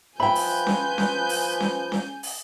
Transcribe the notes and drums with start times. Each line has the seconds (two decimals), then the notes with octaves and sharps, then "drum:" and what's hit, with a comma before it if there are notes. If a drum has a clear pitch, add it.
0.20 F3 B4 E5 G5 G#5 B5 G6
0.35 drum: open hi-hat
0.67 drum: snare C#4
0.98 drum: snare C#4
1.29 drum: open hi-hat
1.60 drum: snare C#4
1.92 drum: snare C#4
2.23 drum: open hi-hat